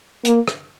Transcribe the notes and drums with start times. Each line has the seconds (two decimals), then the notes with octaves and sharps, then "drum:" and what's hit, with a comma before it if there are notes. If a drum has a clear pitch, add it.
0.25 A#3, drum: hi-hat
0.48 drum: rim click